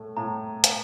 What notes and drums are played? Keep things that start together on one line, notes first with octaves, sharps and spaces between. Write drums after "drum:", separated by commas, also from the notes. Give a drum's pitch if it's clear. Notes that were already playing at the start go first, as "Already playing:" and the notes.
Already playing: A2 A3
A2 A#5
drum: hi-hat